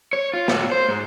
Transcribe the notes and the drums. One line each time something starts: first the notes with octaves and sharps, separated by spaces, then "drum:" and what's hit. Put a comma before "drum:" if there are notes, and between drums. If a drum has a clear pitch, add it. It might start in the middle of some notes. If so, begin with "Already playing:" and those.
C#5
F4
A2 F#4, drum: snare
C5
G#2